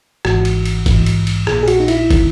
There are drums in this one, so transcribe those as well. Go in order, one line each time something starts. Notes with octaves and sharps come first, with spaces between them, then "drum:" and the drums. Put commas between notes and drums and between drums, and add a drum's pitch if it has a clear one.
G#1 G#2 E3 F#4, drum: rim click
drum: cymbal
drum: cymbal
A#1 G#2 E3, drum: kick, cymbal
drum: cymbal
drum: cymbal
A#1 A#2 G#4, drum: rim click
G#4
F#4, drum: cymbal
D#4
E4, drum: cymbal
D#3, drum: kick, cymbal